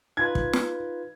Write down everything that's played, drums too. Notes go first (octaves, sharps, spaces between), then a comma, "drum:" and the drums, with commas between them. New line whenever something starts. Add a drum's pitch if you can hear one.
D#4 F4 B4 G#6
drum: kick
drum: snare